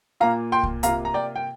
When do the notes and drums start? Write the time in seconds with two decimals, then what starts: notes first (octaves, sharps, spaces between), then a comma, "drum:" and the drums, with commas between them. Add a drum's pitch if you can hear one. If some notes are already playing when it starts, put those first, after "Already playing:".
0.20 A#2 A#3 F4 F5 A#5
0.52 G5 C6
0.63 drum: kick C2
0.83 C3 A#3 F4 F5 A#5, drum: hi-hat
1.05 A#5
1.14 D5 G5
1.36 G5